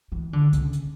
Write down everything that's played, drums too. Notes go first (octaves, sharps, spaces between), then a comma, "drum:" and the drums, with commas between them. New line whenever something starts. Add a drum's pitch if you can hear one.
E3
D3
C#3, drum: kick C#2, hi-hat
drum: hi-hat